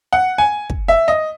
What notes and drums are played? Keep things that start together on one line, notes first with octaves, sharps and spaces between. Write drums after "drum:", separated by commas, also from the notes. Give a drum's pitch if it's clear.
F#5
G#5
drum: kick
E5
D#5